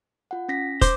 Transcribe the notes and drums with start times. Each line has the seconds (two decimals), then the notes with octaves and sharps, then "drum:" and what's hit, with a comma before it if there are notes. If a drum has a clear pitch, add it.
0.31 F4 F#5
0.49 C#4 A#6 B6
0.81 C5 D6, drum: kick, hi-hat